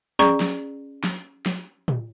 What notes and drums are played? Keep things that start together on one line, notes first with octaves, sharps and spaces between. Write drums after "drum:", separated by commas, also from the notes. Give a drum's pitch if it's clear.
C#4 G#4 D5 A#5 C#6, drum: tom
drum: snare
drum: snare
drum: snare
drum: tom